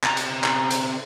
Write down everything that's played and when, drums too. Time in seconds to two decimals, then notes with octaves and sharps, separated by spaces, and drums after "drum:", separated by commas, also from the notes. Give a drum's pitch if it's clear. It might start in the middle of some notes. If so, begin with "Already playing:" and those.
0.03 C3 A#5, drum: clap
0.17 drum: hi-hat
0.44 drum: clap
0.71 drum: hi-hat